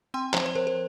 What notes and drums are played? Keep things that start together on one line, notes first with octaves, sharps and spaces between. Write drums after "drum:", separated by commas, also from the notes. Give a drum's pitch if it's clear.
C4 G5 C6
F3 C5, drum: clap
C5
F3 A#4
A#4